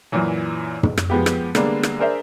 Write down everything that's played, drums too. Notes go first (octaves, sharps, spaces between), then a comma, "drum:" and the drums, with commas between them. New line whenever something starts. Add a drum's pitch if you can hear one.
F#2 A#2 E3 F#3
drum: tom
drum: rim click
F3 G#3 B3 G4
drum: rim click
D3 G3 G#3 A#3 B3 D4, drum: rim click
drum: rim click
D4 G#4 A#4 C5 D5 E5